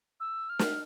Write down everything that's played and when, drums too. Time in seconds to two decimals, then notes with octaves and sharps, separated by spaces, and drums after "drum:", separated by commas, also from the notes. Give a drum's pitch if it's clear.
0.20 E6
0.49 F6
0.59 drum: snare